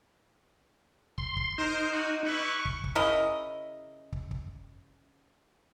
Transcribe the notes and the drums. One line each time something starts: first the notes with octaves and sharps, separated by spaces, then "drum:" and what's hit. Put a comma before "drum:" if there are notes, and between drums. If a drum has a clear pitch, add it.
C6, drum: kick
drum: kick
D#4 A#4 C5
A#3 F#4
G3 E4 B4 C#6
drum: kick
drum: kick
C#3 E4 A#4 D#5
drum: kick
drum: kick